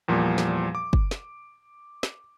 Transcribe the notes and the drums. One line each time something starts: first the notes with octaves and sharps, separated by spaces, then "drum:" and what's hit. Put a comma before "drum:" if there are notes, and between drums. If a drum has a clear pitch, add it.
E2 A#2 F3 G3
drum: snare
D6
drum: kick
drum: snare
drum: snare